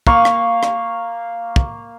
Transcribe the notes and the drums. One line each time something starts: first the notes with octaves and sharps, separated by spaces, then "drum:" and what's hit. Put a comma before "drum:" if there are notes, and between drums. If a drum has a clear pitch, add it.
A#3 F5 C#6, drum: kick
drum: rim click
drum: rim click
drum: kick